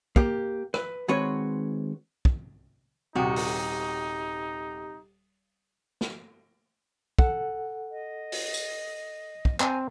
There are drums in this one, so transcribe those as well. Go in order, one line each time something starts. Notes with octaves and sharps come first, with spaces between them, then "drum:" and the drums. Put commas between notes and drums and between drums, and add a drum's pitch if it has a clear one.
A#3 G4, drum: kick
B4, drum: rim click
D#3 G#3 C4 F#4 B4 C#5
drum: kick
D#1 C3 D#4 F#4 G4 G5 D#6
drum: open hi-hat
drum: snare
A4 F#5, drum: kick
D#5
drum: open hi-hat
drum: tambourine
drum: kick
C4 C5 G#5 A#5, drum: clap